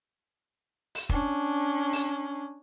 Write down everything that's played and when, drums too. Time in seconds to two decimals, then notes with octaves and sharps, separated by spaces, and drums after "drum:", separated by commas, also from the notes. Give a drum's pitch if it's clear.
0.95 drum: open hi-hat
1.09 C#4 D4, drum: kick
1.92 drum: open hi-hat